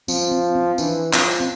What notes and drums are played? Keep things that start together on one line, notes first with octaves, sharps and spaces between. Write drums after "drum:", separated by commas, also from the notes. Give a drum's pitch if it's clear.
F3 C4, drum: tambourine
C4
C4
E3 D4, drum: tambourine
F3 C4, drum: clap
drum: tambourine
C4